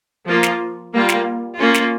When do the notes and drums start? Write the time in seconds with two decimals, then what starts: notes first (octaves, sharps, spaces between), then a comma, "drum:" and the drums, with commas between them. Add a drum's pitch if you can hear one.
0.26 F3 A#3 F4
0.43 drum: snare
0.92 G3 A#3 F4
1.09 drum: snare
1.58 A#3 C#4 F4
1.74 drum: snare